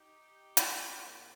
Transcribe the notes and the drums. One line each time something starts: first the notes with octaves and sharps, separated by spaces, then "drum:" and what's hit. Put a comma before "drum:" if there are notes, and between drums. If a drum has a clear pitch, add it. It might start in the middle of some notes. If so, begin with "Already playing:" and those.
Already playing: D#4 G4
drum: hi-hat
A#2 G#3 C4 G4 A#4